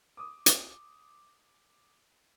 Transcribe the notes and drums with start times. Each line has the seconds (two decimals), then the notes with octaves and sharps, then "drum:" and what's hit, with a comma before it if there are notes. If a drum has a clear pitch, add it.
0.17 D6 D#6
0.46 drum: hi-hat